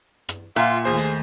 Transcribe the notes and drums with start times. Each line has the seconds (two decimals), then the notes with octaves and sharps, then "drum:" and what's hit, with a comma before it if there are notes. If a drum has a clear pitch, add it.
0.29 drum: rim click
0.56 A#2 F4 E5 F#5
0.85 D#2 D#3 A3 G#4 C5
0.98 drum: hi-hat